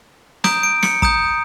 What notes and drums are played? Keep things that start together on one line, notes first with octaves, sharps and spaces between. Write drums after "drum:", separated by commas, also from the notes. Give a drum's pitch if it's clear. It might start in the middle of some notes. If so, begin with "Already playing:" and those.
A#5 D#6 G6 D7, drum: snare
D7
C#7, drum: snare
A#5 D#6 G6, drum: kick